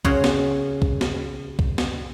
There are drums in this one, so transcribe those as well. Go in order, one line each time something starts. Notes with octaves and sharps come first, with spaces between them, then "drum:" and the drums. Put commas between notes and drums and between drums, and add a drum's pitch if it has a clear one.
C#3 F#4 C#5 F5 F#5 C6, drum: kick
drum: snare
drum: kick
drum: snare
drum: kick
drum: snare